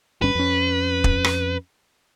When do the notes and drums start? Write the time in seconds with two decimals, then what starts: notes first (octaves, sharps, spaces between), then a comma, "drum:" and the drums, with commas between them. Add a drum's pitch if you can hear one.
0.22 G1 G2 C#4 B4
0.35 F2 C#4
1.04 drum: kick
1.24 drum: rim click